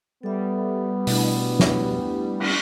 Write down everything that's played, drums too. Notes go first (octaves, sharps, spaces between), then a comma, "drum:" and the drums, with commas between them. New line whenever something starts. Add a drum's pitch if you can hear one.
G3 B3 A4 E5
B2 A3 D4 E4, drum: open hi-hat
drum: snare
drum: cymbal